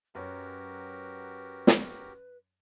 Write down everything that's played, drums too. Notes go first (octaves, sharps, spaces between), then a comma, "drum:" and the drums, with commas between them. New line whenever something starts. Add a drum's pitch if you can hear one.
F#2 F#3 C#4 F#4 G4 A#4 B4
drum: snare